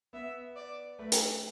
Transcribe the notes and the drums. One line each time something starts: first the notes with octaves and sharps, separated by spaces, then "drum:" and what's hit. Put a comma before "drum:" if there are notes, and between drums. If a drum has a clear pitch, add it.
B3 E5
D5
A3 B4
drum: hi-hat